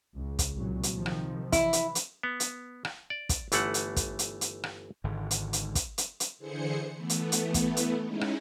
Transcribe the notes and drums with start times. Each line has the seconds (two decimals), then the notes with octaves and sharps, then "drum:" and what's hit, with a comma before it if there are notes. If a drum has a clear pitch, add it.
0.15 C#2
0.39 drum: kick, hi-hat
0.57 C2 A#2 F#3
0.83 drum: hi-hat
0.96 C3 D#3 F3
1.06 drum: rim click
1.52 E3 E4, drum: kick, hi-hat
1.73 drum: hi-hat
1.95 drum: hi-hat
2.23 B3
2.40 drum: hi-hat
2.85 drum: rim click
3.10 D5
3.29 drum: kick, hi-hat
3.52 G1 E3 A3 F#5, drum: hi-hat
3.74 drum: hi-hat
3.96 drum: kick, hi-hat
4.19 drum: hi-hat
4.41 drum: hi-hat
4.64 drum: rim click
5.04 G#1 G#2 D3
5.31 drum: hi-hat
5.53 drum: hi-hat
5.75 drum: kick, hi-hat
5.98 drum: hi-hat
6.20 drum: hi-hat
6.38 D3 E3 G#4 C5 C#7
6.96 E3 A3 B3
7.10 drum: hi-hat
7.32 drum: hi-hat
7.54 drum: kick, hi-hat
7.77 drum: hi-hat
8.04 G#3 C#4 D#4 E4
8.21 drum: rim click